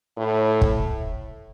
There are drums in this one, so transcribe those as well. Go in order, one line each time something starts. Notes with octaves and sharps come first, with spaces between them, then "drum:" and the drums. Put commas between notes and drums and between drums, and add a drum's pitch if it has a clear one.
A2
drum: kick